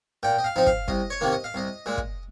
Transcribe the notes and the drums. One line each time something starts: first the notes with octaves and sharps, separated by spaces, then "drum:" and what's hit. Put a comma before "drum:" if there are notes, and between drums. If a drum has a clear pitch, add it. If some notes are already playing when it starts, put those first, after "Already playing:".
A#2 G5
D#5
F5
F3 C4 D#4
F5, drum: kick
C2 D#5, drum: kick
C#5
C3 D#3 A#3
D#5
F5
C2 D#5
A#2 G#3
drum: kick